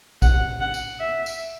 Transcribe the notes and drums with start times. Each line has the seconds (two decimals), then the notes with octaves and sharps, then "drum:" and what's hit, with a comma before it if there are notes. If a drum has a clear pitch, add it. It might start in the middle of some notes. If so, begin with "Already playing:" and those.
0.22 F#5, drum: kick A#1, tambourine
0.61 F#5
0.74 drum: tambourine
1.00 E5
1.26 drum: tambourine